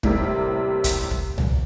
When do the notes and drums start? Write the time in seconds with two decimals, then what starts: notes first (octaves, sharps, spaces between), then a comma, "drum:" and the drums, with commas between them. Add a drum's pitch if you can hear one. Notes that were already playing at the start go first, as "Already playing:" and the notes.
0.03 A2 C3 G3 A#3, drum: kick
0.84 drum: kick, hi-hat
1.11 drum: kick
1.38 drum: tom